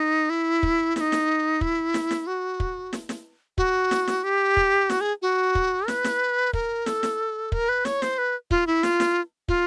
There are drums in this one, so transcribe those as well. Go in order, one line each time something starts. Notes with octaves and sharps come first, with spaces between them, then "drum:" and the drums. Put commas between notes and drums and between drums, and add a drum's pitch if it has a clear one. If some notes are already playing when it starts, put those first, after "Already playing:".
Already playing: D#4
E4
drum: kick
E4, drum: snare
D#4
drum: snare
E4, drum: kick
drum: snare
drum: snare
F#4
drum: kick
drum: snare
drum: snare
F#4, drum: kick
drum: snare
drum: snare
G4
drum: kick
F#4, drum: snare
G#4
F#4
drum: kick
B4, drum: snare
drum: snare
A#4, drum: kick
A4, drum: snare
drum: snare
A#4, drum: kick
B4
C#5, drum: snare
C5, drum: snare
B4
F4, drum: kick
E4
F4, drum: snare
drum: snare
F4, drum: kick